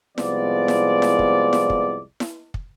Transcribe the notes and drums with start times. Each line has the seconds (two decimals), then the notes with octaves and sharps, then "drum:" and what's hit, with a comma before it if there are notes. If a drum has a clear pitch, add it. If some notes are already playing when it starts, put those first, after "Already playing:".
0.18 C2 F3 G#3 B3 D5, drum: snare E4
0.68 drum: snare E4
1.02 drum: snare E4
1.19 drum: kick
1.53 drum: snare E4
1.70 drum: kick
2.20 drum: snare E4
2.54 drum: kick